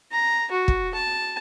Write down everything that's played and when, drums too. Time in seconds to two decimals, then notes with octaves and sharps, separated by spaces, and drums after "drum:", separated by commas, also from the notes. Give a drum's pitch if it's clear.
0.12 A#5
0.51 F#4
0.68 drum: kick
0.94 A5